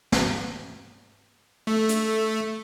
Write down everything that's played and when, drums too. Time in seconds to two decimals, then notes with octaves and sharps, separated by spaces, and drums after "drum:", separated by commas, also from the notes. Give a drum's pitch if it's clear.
0.12 drum: snare
1.67 A3
1.89 drum: hi-hat